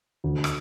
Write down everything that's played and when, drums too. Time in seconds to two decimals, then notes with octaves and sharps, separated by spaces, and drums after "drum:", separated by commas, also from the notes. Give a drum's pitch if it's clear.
0.24 D2
0.44 drum: rim click